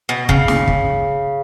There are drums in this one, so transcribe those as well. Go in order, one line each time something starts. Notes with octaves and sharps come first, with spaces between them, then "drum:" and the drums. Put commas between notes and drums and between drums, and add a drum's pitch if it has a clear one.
B2
C#3, drum: kick
drum: snare
drum: kick